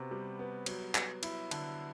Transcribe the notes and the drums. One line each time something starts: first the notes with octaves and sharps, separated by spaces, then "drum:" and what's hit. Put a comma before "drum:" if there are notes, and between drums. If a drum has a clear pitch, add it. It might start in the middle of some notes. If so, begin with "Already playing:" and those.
Already playing: C3 B3 F#4
G3
B3
F#3, drum: cymbal
B3, drum: clap
E4, drum: cymbal
D3, drum: cymbal